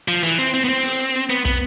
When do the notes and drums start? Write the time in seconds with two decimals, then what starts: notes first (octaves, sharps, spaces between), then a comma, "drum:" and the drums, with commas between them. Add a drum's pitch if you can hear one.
0.08 F3
0.23 E3, drum: open hi-hat
0.38 C4, drum: hi-hat
0.54 C4
0.64 B3
0.69 C4
0.84 drum: open hi-hat
1.00 drum: hi-hat
1.15 drum: hi-hat
1.30 B3, drum: hi-hat
1.45 B3, drum: kick, hi-hat